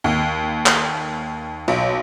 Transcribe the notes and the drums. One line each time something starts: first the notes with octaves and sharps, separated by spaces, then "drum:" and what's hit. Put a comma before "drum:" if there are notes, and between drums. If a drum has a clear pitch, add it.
D#2
drum: clap
B1